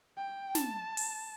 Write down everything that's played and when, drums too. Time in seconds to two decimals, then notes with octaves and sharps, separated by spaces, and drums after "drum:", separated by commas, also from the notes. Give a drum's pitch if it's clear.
0.17 G5
0.55 A5, drum: snare
0.97 drum: open hi-hat